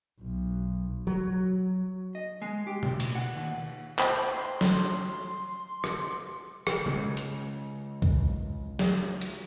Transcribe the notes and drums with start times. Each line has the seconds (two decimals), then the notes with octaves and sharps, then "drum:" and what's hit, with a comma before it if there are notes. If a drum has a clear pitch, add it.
0.20 B1
1.07 F#3
2.15 D#5
2.42 G#3
2.67 G4
2.83 C#2, drum: tom B2
3.00 A2, drum: cymbal
3.15 F#5
3.36 D#2
3.99 C5 D#5 G5 B5, drum: clap
4.34 C6
4.61 drum: snare
5.84 drum: rim click
6.67 drum: rim click
6.86 C#3 G#3
7.17 drum: hi-hat
8.02 drum: kick B1
8.79 drum: snare
9.21 drum: cymbal